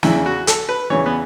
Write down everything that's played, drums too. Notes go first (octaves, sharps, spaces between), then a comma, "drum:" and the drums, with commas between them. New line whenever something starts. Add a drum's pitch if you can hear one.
E2 C#3 E3 E4, drum: snare
F#4
A4, drum: hi-hat
B4
E2 C#3 E3 C#5
B3